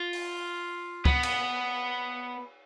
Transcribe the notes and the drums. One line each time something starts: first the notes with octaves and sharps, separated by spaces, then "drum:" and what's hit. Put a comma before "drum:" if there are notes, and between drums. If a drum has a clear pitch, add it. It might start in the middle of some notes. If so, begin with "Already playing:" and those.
Already playing: F4
drum: open hi-hat
B3, drum: kick C#2
drum: cymbal